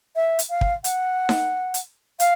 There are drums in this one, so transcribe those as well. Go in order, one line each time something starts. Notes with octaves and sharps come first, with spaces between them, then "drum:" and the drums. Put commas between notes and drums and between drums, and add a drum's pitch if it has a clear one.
E5
drum: hi-hat
F5
drum: kick
F#5, drum: hi-hat
drum: snare D#4
drum: hi-hat
F5, drum: hi-hat